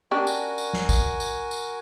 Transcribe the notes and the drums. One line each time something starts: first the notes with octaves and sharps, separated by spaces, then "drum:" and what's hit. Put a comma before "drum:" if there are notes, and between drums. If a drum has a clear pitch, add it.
C#4 D4 F#4 G4 A#4 G#5
drum: tambourine
drum: tambourine
drum: snare
drum: kick, tambourine
drum: tambourine
drum: tambourine